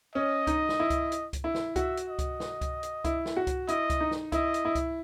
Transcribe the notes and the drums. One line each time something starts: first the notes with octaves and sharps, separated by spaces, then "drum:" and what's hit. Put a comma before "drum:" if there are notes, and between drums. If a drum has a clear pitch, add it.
C#4 D#5
D#4, drum: kick C#2, hi-hat
drum: snare
E4
drum: kick C#2, hi-hat
drum: hi-hat
drum: kick C#2, hi-hat
E4
drum: snare
F#4 E5, drum: kick C#2, hi-hat
drum: hi-hat
D#5
drum: kick C#2, hi-hat
drum: snare
drum: kick C#2, hi-hat
drum: hi-hat
E4, drum: kick C#2, hi-hat
drum: snare
F#4
drum: kick C#2, hi-hat
E4 D#5, drum: hi-hat
drum: kick C#2, hi-hat
D#4
drum: snare
E4 D#5, drum: kick C#2, hi-hat
drum: hi-hat
E4
drum: kick C#2, hi-hat